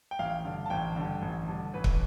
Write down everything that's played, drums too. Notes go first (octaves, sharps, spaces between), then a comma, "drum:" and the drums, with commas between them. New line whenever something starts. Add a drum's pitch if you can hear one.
G5
A1 F5
G2 D3
A5
A1 G5
G2 D3
A1
G2 D3
A1 B4
drum: kick